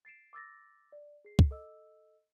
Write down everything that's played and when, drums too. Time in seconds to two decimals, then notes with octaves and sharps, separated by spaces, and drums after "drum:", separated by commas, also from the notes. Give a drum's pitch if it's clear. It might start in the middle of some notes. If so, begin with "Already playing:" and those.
0.05 A6 C7 D7 E7
0.33 D6 E6 A6 A#6
0.92 D5
1.25 G#4 C7
1.39 drum: kick
1.51 A4 D#5 E6